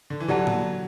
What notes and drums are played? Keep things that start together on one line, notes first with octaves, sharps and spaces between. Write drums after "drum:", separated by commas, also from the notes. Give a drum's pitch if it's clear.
D3
E3
D3 F#3 G4 D5 F#5 A5
drum: tom